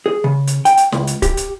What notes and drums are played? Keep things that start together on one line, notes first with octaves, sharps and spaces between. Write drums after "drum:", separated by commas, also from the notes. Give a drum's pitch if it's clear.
G#4
C#3
drum: hi-hat
G5, drum: hi-hat
drum: hi-hat
C#2, drum: snare
drum: hi-hat
G4, drum: kick C#1, hi-hat
drum: hi-hat